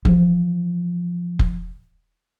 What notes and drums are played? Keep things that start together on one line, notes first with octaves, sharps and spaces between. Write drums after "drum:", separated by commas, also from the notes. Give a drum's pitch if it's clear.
E3 F3, drum: kick F1
drum: kick F1